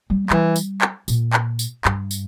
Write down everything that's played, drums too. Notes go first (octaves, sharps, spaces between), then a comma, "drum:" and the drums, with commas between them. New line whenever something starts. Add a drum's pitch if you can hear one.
G3
E3 G3, drum: clap
drum: tambourine
drum: clap
A#2, drum: tambourine
drum: clap
drum: tambourine
G2, drum: clap
drum: tambourine